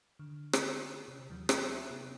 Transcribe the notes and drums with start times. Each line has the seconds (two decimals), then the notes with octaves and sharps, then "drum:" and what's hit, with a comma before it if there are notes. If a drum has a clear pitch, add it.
0.19 D3
0.53 drum: rim click
1.08 C3
1.29 D#2 E3 F#3
1.49 C#5 E5 G5 A5 A#5 C6, drum: rim click
1.87 C3 B3 D#4 F#6